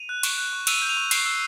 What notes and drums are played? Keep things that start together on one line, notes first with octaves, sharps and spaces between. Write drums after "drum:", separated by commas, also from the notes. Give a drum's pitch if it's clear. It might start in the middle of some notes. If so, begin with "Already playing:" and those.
Already playing: D#7 F7
F#6
C#6, drum: cymbal
F#6
C#6
E6 D#7 F7, drum: cymbal
G6
D#7 F7
C#6
C#6 C7, drum: cymbal
E6